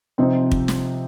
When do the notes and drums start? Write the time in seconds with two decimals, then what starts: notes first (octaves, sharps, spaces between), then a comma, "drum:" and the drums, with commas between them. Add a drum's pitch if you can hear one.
0.18 C3 F3 C4 D#4 C5
0.51 drum: kick
0.68 drum: snare